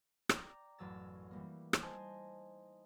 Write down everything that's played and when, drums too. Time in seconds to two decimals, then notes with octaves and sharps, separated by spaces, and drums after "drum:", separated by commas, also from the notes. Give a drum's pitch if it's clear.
0.29 D5 G5 A#5, drum: rim click
0.79 A1 F#2 F#3 E6 A6
1.31 E3 G3 A#3
1.73 drum: rim click
1.83 D#4 C5 D#5 G#5 A5 C6